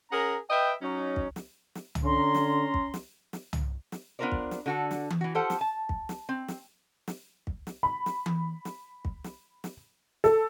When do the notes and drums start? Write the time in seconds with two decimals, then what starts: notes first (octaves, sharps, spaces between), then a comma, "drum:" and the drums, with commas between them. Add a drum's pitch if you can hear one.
0.11 C#4 G#4 A#4 F#5 A#5
0.49 B4 D#5 E5 G5
0.81 F#3 C#4 D#4
1.16 drum: kick
1.36 drum: snare
1.75 drum: snare
1.95 drum: tom
2.04 D3 C#4 A#5 C6
2.35 drum: snare
2.74 drum: kick
2.94 drum: snare
3.33 drum: snare
3.53 drum: tom
3.92 drum: snare
4.19 B3 D4 F4 A#4 C5 D5
4.32 drum: kick
4.51 drum: snare
4.66 D3 F#4 A4
4.91 drum: snare
5.10 drum: tom E3
5.21 E3 F#4
5.35 F4 G4 A4 C5 F#5
5.50 drum: snare
5.61 A5
5.89 drum: kick
6.09 drum: snare
6.29 C4
6.48 drum: snare
7.08 drum: snare
7.47 drum: kick
7.67 drum: snare
7.83 B5
8.06 drum: snare
8.26 drum: tom E3
8.65 drum: snare
9.05 drum: kick
9.24 drum: snare
9.64 drum: snare
10.24 A4, drum: snare